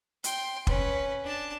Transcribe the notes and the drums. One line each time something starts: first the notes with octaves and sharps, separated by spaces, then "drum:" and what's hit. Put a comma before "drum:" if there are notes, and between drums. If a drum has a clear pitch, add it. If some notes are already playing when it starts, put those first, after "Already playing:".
G5 C6, drum: hi-hat
C#4 B4, drum: kick
D4 A5